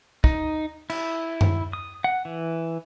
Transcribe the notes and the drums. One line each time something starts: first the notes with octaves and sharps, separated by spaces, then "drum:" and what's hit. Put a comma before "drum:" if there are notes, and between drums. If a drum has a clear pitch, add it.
D#4, drum: kick
E4, drum: cymbal
drum: tom F#2
D#6
F#5
E3